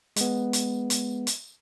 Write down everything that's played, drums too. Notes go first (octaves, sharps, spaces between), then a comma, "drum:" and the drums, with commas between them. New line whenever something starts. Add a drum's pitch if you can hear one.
G#3 B3, drum: hi-hat
drum: hi-hat
drum: hi-hat
drum: hi-hat